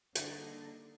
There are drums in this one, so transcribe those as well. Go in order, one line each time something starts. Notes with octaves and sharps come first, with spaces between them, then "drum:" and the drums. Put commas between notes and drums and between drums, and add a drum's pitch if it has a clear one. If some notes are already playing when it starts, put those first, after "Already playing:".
D3 G3 A#3 D4 D#4, drum: hi-hat